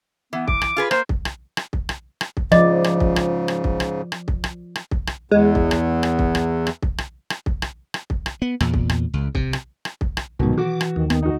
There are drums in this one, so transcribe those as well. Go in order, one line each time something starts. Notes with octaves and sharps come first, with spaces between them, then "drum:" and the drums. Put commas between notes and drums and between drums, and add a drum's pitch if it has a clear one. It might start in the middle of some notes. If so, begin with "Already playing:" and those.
E3 B3
D6, drum: kick
drum: rim click
F4 G#4 B4
A#3 C5, drum: rim click
drum: kick
drum: rim click
drum: rim click
drum: kick
drum: rim click
drum: rim click
drum: kick
G#2 C#3 F3 D5 D#5, drum: rim click
drum: rim click
drum: kick
drum: rim click
drum: rim click
drum: kick
drum: rim click
drum: rim click
drum: kick
drum: rim click
drum: rim click
drum: kick
drum: rim click
E2 G#3
drum: kick
drum: rim click
drum: rim click
drum: kick
drum: rim click
drum: rim click
drum: kick
drum: rim click
drum: rim click
drum: kick
drum: rim click
drum: rim click
drum: kick
drum: rim click
B3
E2 A#2, drum: rim click
drum: kick
drum: rim click
C#2
C3, drum: kick
drum: rim click
drum: rim click
drum: kick
drum: rim click
C2 G#2 B2 D#3 F#3
E3 F#4 D6
drum: rim click
D#2 D#3
B3, drum: rim click
D2 D#4 F#4